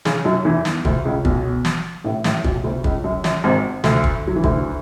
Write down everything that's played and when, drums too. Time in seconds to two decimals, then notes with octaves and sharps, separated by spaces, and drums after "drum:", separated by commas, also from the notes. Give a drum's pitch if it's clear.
0.05 C#3 C#4, drum: snare
0.25 F#2 F#3
0.45 E2 E3
0.65 drum: snare
0.85 D2 D3, drum: kick
1.05 C#2 C#3
1.25 B1 B2, drum: kick
1.65 drum: snare
2.04 A1 A2
2.24 A1 A2, drum: snare
2.44 B1 B2, drum: kick
2.64 D2 D3
2.84 C#2 C#3, drum: kick
3.04 F#2
3.24 F#2, drum: snare
3.44 G#1 G#2
3.84 D2 D3, drum: snare
4.04 drum: kick
4.27 F#3
4.36 E3
4.44 D2 D3, drum: kick